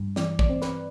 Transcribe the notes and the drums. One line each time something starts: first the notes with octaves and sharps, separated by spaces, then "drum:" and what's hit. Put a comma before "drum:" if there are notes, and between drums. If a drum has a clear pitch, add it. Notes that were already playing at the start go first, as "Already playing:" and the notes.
Already playing: G2
E3 D5, drum: snare
D5, drum: kick
C4
B4, drum: snare